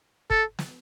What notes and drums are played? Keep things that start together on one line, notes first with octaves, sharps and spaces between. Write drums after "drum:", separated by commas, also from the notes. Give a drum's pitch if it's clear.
A4, drum: kick
drum: snare